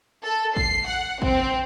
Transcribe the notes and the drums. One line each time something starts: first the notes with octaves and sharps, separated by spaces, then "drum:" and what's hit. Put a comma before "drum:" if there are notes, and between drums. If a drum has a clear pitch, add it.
A4
C7, drum: kick A1
F#5
C4, drum: kick A1